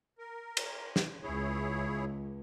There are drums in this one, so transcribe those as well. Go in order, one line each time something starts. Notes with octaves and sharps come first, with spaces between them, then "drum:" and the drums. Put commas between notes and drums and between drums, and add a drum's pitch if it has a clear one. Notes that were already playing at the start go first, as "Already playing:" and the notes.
A#4
drum: cymbal
drum: snare
C#2 E4 G#4 C#5